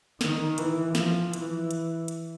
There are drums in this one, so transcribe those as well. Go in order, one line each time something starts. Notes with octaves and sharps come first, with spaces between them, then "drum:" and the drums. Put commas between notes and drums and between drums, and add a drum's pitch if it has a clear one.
D#3, drum: snare
E3, drum: hi-hat
F3, drum: snare
E3, drum: hi-hat
drum: hi-hat
drum: hi-hat